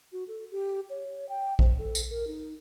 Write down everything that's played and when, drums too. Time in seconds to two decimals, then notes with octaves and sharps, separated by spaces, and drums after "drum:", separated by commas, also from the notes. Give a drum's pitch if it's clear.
0.12 F#4
0.28 A4
0.51 G4
0.90 C#5
1.29 G5
1.59 C5, drum: kick A#1
1.78 A4
1.95 drum: tambourine
2.10 A#4
2.27 D#4